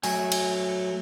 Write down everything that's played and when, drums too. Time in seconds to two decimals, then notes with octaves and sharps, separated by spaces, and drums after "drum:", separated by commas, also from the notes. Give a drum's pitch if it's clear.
0.04 F#3 A3 G#5, drum: open hi-hat
0.32 drum: cymbal